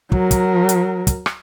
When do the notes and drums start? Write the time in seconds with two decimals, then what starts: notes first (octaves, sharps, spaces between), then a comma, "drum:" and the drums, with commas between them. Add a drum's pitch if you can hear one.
0.12 F#3 A#4, drum: kick
0.31 drum: kick, hi-hat
0.69 drum: hi-hat
1.07 drum: kick, hi-hat
1.26 drum: rim click